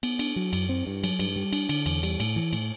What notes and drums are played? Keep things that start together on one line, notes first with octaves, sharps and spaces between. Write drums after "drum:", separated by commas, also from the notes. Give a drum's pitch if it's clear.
B3, drum: cymbal
D4, drum: cymbal
F#3
F#2, drum: cymbal
C4
G2
F#3, drum: cymbal
G2, drum: cymbal
G3
D4, drum: cymbal
D3, drum: cymbal
E2, drum: cymbal
G3, drum: cymbal
A2, drum: cymbal
E3
A2, drum: cymbal